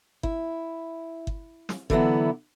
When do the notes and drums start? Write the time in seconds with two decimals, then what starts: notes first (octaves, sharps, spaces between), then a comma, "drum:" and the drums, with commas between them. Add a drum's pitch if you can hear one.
0.23 E4, drum: kick G1
1.27 drum: kick G1
1.69 drum: snare
1.90 D3 E3 F#3 B3 E4, drum: kick G1